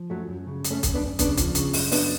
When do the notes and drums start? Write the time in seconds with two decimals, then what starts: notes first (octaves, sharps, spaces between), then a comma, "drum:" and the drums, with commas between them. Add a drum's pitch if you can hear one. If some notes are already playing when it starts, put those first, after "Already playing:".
Already playing: F3
0.10 F#2 F#3 A3
0.28 F#2
0.47 C#3
0.64 F#2, drum: hi-hat
0.71 A3 C#4
0.83 F#2, drum: kick, hi-hat
0.94 B3 D4
1.00 F#2
1.19 C#3 B3 D4, drum: kick, hi-hat
1.37 F3, drum: kick, hi-hat
1.55 C#3, drum: hi-hat
1.73 F#2, drum: open hi-hat
1.92 F#3 B3 D4, drum: open hi-hat